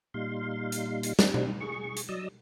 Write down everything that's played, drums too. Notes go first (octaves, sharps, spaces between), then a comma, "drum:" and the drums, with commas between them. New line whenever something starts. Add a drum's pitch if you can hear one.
A#2 G3 D#4 F5 C6
drum: hi-hat
drum: hi-hat
G3 C4 D4 D#4, drum: snare
drum: tom B2
G#4 C#6
drum: hi-hat
F#3 D5 D#5 D#6 E6